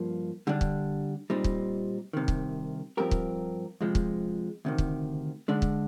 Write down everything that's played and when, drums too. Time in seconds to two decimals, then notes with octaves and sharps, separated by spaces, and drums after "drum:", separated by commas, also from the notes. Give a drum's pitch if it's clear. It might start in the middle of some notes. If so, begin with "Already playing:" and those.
Already playing: G2 F3 A#3
0.47 D3 G3 D4
0.61 drum: kick
1.30 A#2 G3 C4 D#4
1.44 drum: kick
2.13 C2 C3 D#3
2.28 drum: kick
2.97 G2 F3 C4 G4 A#4
3.11 drum: kick
3.81 F2 C3 F3 G#3
3.95 drum: kick
4.65 D2 C3 D#3
4.78 drum: kick
5.48 D3 G#3 D4
5.62 drum: kick